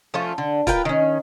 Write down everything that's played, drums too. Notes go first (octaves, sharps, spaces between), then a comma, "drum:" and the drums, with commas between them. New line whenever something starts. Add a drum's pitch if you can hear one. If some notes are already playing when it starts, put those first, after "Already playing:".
F3 A3 C#4 F4
D3
F4 A#4 B4 G5, drum: kick C#1, hi-hat
D#3 C#4